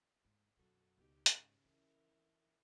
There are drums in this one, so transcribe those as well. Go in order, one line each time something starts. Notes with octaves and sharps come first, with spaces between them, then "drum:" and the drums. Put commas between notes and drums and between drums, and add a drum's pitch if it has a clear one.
G#2
F#2 B2 F#4 A4
C#2 B2 D#4 G4
G#2 C#3, drum: hi-hat
E3 C#4 E4 A#4